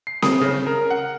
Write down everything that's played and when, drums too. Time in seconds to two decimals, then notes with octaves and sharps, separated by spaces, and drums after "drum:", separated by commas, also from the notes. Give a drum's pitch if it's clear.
0.07 C7
0.22 D#6, drum: snare C4
0.41 C#3
0.67 A#4
0.90 F#5